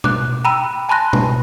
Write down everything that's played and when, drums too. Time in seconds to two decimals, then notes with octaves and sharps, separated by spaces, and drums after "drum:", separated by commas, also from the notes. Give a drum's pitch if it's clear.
0.04 D6 F#6, drum: tom B2
0.44 G5 A#5 B5 E6 D#7
0.89 G#5 A5 B5 C6 F#6 A#6
1.13 drum: tom B2